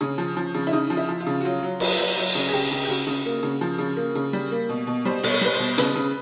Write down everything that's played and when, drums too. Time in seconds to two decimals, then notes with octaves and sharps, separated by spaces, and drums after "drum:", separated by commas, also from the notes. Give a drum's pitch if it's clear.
0.01 C#3 C#4
0.18 F3
0.37 F3
0.55 C#3
0.67 E4
0.73 C#3 D#4
0.90 F3
0.97 E4
1.08 F3
1.20 F4
1.27 C#3
1.41 F#4
1.45 F#3 F4
1.63 F#3
1.80 F#3, drum: cymbal
1.99 F#3
2.17 F#3 F#4
2.35 C#3
2.49 G#4
2.53 C#3 G4
2.71 C#3
2.85 G4
2.88 C#3 F#4
3.07 C#3
3.26 A#3
3.43 C#3
3.61 F3
3.79 C#3
3.97 A#3
4.16 C#3
4.33 G3
4.51 A#3
4.69 B2
4.87 B2
5.05 G3 C5
5.23 B2, drum: open hi-hat
5.30 C#5
5.41 G3 B4
5.53 C5
5.59 B2
5.78 C#3 B4, drum: hi-hat
5.95 C#3